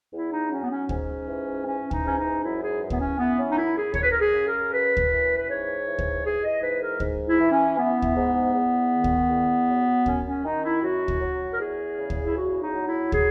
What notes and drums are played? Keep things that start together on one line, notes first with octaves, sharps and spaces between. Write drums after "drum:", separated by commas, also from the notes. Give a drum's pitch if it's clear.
E2 E4
D#4
F#3 C#4
B3
C#4
G#2 C#4, drum: kick
E3
E3 C#4
D#4, drum: kick
G#2 C#4
D#4
F#2 E4
G#4
E3
B3, drum: kick
C#4
E3 B3
C#4
D#4
F#2 E4
G#4
F#2 C#5, drum: kick
B4
A#4
G#4
C#3
A#4
F#2 B4
drum: kick
E3
B4
G#2 C#5
E3
drum: kick
E3 G#4
D#5
G#2 B4
A#4
G#2, drum: kick
E4
E3
C#4
E3 B3
drum: kick
G#2
E2
D#3
drum: kick
E2
F#3
F#2 C#4, drum: kick
C#4
D#3 D#4
E4
F#2 F#4
drum: kick
F#3
A#4
E2 G#4
C#3
drum: kick
E4
E2 F#4
D#4
F#3
E4
G#4, drum: kick